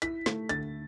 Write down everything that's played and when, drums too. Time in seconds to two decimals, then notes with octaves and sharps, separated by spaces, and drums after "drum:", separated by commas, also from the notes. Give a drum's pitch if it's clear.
0.02 E4 B6, drum: hi-hat
0.26 A3, drum: snare
0.49 D2 A6, drum: hi-hat